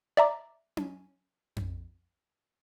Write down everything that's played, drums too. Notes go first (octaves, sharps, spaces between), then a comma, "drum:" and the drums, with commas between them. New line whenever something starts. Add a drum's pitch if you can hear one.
D5 E5 A#5 D6
drum: tom C#4
drum: tom F2